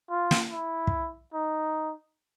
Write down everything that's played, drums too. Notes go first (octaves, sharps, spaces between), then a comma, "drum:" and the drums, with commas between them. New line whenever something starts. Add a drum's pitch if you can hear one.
F4
drum: snare
E4
drum: kick
D#4